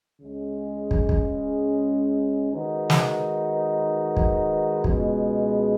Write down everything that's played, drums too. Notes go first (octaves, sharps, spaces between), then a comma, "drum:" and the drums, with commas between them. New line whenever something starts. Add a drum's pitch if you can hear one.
C#2 C#3 G#3 C#4
drum: kick
drum: kick
D#3 G#3 D#4 F#4 B4
drum: snare
drum: kick
C#2 B2 G#3, drum: kick